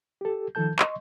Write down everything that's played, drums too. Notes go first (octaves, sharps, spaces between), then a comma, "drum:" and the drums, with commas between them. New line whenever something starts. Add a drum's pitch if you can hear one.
G4 A4
D#3 F3 A4 A5 G6
D#5 C6 C#6, drum: clap